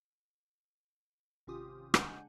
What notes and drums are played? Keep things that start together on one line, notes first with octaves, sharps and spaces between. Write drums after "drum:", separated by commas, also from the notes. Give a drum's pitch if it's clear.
G#1 C3 C#4 F4 G4 D#6
C#3 G#3 D4 F#5 G#5 G6, drum: rim click